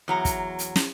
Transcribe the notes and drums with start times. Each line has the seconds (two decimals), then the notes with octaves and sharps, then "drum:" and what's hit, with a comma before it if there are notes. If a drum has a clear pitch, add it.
0.08 E2 F#3 A#5
0.25 drum: kick, hi-hat
0.59 drum: hi-hat
0.76 drum: snare